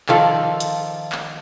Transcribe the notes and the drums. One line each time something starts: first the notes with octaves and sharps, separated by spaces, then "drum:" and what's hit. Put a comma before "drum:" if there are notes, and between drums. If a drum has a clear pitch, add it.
D#3 F3 A4 D5, drum: clap
drum: hi-hat
drum: clap